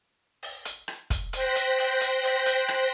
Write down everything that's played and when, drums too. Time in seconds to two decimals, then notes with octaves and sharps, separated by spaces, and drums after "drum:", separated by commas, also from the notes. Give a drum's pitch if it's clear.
0.43 drum: open hi-hat
0.65 drum: hi-hat
0.88 drum: rim click
1.10 drum: kick, hi-hat
1.33 C5 G5 F#6 A#6 B6, drum: hi-hat
1.56 drum: hi-hat
1.78 drum: open hi-hat
2.01 drum: hi-hat
2.23 drum: open hi-hat
2.46 drum: hi-hat
2.69 drum: rim click